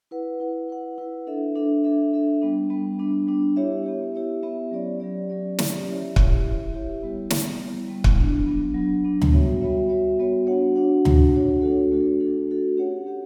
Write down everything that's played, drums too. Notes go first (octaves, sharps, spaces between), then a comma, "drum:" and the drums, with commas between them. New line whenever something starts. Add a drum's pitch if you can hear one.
E4 B4 F#5
E4 B4 F#5
E4 B4 F#5
E4 B4 F#5
D4 A4 E5
D4 A4 E5
D4 A4 E5
D4 A4 E5
G3 B3 D4
G3 B3 D4
G3 B3 D4
G3 B3 D4
B3 E4 G4 C#5 E5
B3 E4 G4 C#5 E5
B3 E4 G4 C#5 E5
B3 E4 G4 C#5 E5
F#3 C#4 G4 D5
F#3 C#4 G4 D5
F#3 C#4 G4 D5
F#3 C#4 G4 D5, drum: snare
E4 G4 C#5 E5
E4 G4 C#5 E5, drum: kick
E4 G4 C#5 E5
E4 G4 C#5 E5
G3 B3 E4
G3 B3 E4, drum: snare
G3 B3 E4
G3 B3 E4
drum: kick
F#3 B3 D4
F#3 B3 D4
F#3 B3 D4
F#3 B3 D4
drum: tom D2
G3 B3 F#4 C#5 E5
G3 B3 F#4 C#5 E5
G3 B3 F#4 C#5 E5
G3 B3 F#4 C#5 E5
D4 F#4 C#5 F#5
D4 F#4 C#5 F#5
D4 F#4 C#5 F#5, drum: tom D2
D4 F#4 C#5 F#5
A3 D4 F#4 A4
A3 D4 F#4 A4
A3 D4 F#4 A4
A3 D4 F#4 A4
C#4 G4 C#5 F#5
C#4 G4 C#5 F#5